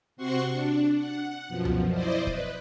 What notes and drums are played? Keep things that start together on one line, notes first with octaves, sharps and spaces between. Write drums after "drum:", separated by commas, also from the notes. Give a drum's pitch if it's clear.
C3 C4 F#4 F#5 C6 C#6
D4
F#5
F#2 B2 F3
drum: tom C#2
E4 C5 D5 D#5
B4, drum: kick